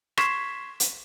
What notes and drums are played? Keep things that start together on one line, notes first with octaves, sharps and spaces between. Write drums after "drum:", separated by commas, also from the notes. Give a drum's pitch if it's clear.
C6 C#6 G#6 B6 C7 E7, drum: rim click
drum: hi-hat